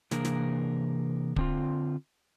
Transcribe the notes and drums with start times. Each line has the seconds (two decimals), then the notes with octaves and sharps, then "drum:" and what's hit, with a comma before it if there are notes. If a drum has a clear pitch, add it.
0.11 C3 E3 A#3 D4 G#4 A#4, drum: snare
0.25 drum: snare
1.36 D3 C4 F4, drum: kick